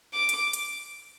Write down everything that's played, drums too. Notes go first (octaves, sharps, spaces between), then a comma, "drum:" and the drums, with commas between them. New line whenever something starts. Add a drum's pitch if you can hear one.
D6
drum: hi-hat
drum: hi-hat